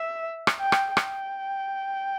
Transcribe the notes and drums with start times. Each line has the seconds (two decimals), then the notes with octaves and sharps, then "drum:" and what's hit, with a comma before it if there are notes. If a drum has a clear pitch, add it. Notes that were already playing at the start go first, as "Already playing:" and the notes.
Already playing: E5
0.47 drum: rim click
0.60 G5
0.72 drum: rim click
0.97 G5, drum: rim click